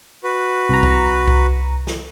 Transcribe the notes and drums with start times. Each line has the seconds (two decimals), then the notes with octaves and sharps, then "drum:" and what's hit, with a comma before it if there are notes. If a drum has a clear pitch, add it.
0.24 F#4 B4
0.69 C2 A#5
0.83 drum: kick C2
1.28 drum: kick C2
1.87 drum: snare